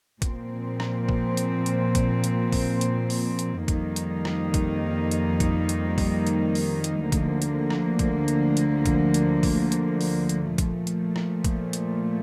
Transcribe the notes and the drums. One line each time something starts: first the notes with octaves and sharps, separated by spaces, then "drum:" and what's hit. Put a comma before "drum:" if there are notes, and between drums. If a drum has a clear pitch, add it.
A#2 F3 C4, drum: kick, hi-hat
drum: rim click
drum: kick
drum: hi-hat
drum: hi-hat
drum: kick, hi-hat
drum: hi-hat
drum: kick, open hi-hat
drum: hi-hat
drum: open hi-hat
drum: hi-hat
F2 D#3 G3 A#3 D#4, drum: kick, hi-hat
drum: hi-hat
drum: rim click
drum: kick, hi-hat
drum: hi-hat
drum: kick, hi-hat
drum: hi-hat
drum: kick, open hi-hat
drum: hi-hat
drum: open hi-hat
drum: hi-hat
D2 D3 F3 A#3, drum: kick, hi-hat
drum: hi-hat
drum: rim click
drum: kick, hi-hat
drum: hi-hat
drum: hi-hat
drum: kick, hi-hat
drum: hi-hat
drum: kick, open hi-hat
drum: hi-hat
drum: open hi-hat
drum: hi-hat
A#2 F3 A3, drum: kick, hi-hat
drum: hi-hat
drum: rim click
drum: kick, hi-hat
drum: hi-hat